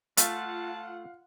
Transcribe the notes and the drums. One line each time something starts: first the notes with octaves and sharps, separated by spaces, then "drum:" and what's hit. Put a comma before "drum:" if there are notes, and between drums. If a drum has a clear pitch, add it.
A3 F4 F5 F#5 A5, drum: hi-hat